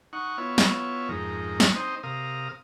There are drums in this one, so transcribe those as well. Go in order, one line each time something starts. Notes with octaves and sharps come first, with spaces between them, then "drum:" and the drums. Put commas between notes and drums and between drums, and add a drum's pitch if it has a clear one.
D#4 F#5 C#6
B3 E4 F4 C#5
drum: snare
F2 G#2 D#4 A#4
drum: snare
C4 D#4 C5 D#5
C3 A#4 F5 D#6